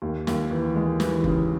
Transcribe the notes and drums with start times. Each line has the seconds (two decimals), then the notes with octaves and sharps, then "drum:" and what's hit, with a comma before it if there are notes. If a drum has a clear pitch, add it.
0.02 D#2
0.27 D#2, drum: snare
0.51 E3
0.76 G#3
1.00 E3, drum: snare
1.24 C#3, drum: kick F#1